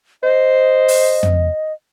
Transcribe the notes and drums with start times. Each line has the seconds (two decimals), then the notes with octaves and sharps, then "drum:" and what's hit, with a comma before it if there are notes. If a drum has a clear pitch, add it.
0.23 C5 D#5
0.88 drum: open hi-hat
1.23 drum: tom